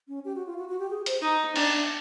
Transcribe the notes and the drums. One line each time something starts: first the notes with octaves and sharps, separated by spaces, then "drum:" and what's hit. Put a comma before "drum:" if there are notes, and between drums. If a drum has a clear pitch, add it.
C#4
G4
F#4
F4
F#4
F#4
G4
G#4
C5, drum: hi-hat
D#4
D4, drum: cymbal